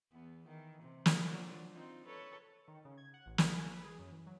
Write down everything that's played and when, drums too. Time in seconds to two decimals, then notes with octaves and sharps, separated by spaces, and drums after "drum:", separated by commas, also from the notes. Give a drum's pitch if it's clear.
0.12 E2 B3
0.48 D#3 E3
0.82 C3
1.06 drum: snare
1.20 F3 F#3 D4
1.72 C4 D#4 F4
2.06 A4 B4 C#5
2.68 D#3
2.85 C#3
2.97 G#6
3.14 F#5
3.26 A1
3.38 B4, drum: snare
3.56 G#5
3.71 B4
3.84 G#4
3.99 F#2
4.12 E3
4.26 F#3